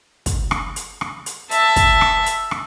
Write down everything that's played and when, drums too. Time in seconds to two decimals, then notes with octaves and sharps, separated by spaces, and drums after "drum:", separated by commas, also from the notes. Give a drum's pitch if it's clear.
0.26 drum: kick, hi-hat
0.51 drum: rim click
0.76 drum: hi-hat
1.01 drum: rim click
1.26 drum: hi-hat
1.51 E5 A5, drum: hi-hat
1.76 drum: kick, hi-hat
2.01 drum: rim click
2.26 drum: hi-hat
2.51 drum: rim click